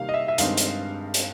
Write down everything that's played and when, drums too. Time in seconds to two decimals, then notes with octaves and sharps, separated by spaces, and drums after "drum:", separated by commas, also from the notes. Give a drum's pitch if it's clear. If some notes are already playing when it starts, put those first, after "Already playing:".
Already playing: C3 D#3 G3 A#3 F5
0.09 D#5
0.14 E5
0.28 E5
0.38 G2 D#3 G#3 C4 D#4 F5, drum: hi-hat
0.57 drum: hi-hat
1.14 drum: hi-hat